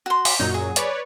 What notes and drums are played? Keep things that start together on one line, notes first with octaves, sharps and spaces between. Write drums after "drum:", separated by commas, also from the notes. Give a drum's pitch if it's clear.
F#4 C6
D6 B6, drum: open hi-hat
F#2 A#2 F#3 D#4
G#4
B4 C#5 D5, drum: hi-hat